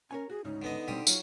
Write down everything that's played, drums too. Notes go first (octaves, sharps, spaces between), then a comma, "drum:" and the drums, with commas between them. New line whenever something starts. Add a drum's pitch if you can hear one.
C#4 A#4 C#5 G#5
F#4 G#4
D2 G#2 C#3 D#4
D3 B3 D#5
B2 D3 G3 C4 G4 D#6
F#3 F4 G#4 C#5, drum: tambourine